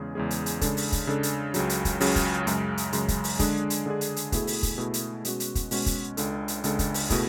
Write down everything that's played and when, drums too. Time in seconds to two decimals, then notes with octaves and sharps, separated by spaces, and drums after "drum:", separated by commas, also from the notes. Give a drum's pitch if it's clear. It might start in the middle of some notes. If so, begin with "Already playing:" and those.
Already playing: E2 C#3 G#3 C#4 G#4
0.15 E2 C#3 G#3 C#4 G#4
0.31 drum: hi-hat
0.46 drum: hi-hat
0.61 C#3 G#3 D4 A4, drum: kick, hi-hat
0.77 drum: open hi-hat
0.92 drum: kick, hi-hat
1.07 C#3 G#3 D4 A4
1.23 drum: hi-hat
1.54 C#2 C#3 F#3, drum: hi-hat
1.69 drum: hi-hat
1.85 drum: kick, hi-hat
2.00 C#2 C#3 F#3, drum: open hi-hat
2.16 drum: kick, hi-hat
2.47 F#2 C#3 G#3, drum: hi-hat
2.77 drum: hi-hat
2.93 F#2 C#3 G#3, drum: hi-hat
3.08 drum: kick, hi-hat
3.24 drum: open hi-hat
3.39 D3 G#3 D4 G#4, drum: kick, hi-hat
3.70 drum: hi-hat
3.86 D3 G#3 D4 G#4
4.01 drum: hi-hat
4.16 drum: hi-hat
4.32 B2 A3 E4 G#4, drum: kick, hi-hat
4.47 drum: open hi-hat
4.63 drum: kick, hi-hat
4.78 B2 A3 E4 G#4
4.94 drum: hi-hat
5.25 B2 G#3 C#4 F#4, drum: hi-hat
5.40 drum: hi-hat
5.55 drum: kick, hi-hat
5.71 B2 G#3 C#4 F#4, drum: open hi-hat
5.86 drum: kick, hi-hat
6.17 C#2 C#3 G#3 D4 A4, drum: hi-hat
6.48 drum: hi-hat
6.64 C#2 C#3 G#3 D4 A4, drum: hi-hat
6.79 drum: kick, hi-hat
6.94 drum: open hi-hat
7.10 B2 A3 E4 G#4, drum: kick, hi-hat